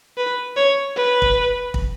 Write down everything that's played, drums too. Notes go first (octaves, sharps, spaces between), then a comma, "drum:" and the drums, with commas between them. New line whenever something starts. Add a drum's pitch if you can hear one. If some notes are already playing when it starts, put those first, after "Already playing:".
B4
C#5
B4
drum: kick
drum: kick